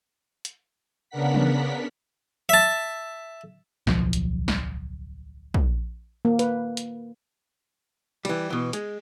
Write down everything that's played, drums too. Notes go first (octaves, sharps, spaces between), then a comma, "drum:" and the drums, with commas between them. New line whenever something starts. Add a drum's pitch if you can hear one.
drum: hi-hat
C#3 B3 D4 A#4 F#5 B6
drum: tom
E5 A5
D1 B1 F3, drum: snare
drum: hi-hat
drum: snare
drum: kick
A#3
B4, drum: hi-hat
drum: hi-hat
E3 G3, drum: cymbal
B2 E3
G#3, drum: hi-hat